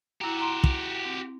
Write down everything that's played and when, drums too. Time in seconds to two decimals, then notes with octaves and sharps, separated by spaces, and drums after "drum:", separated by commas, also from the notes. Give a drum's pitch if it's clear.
0.21 E4 F#4 G4 A#5
0.39 A#5 C6
0.64 drum: kick
1.05 C4